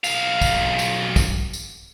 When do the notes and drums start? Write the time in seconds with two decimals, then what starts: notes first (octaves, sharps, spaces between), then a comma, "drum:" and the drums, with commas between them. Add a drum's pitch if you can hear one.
0.04 B1 F5, drum: tambourine
0.41 drum: kick, tambourine
0.79 drum: tambourine
1.16 drum: kick, tambourine
1.53 drum: tambourine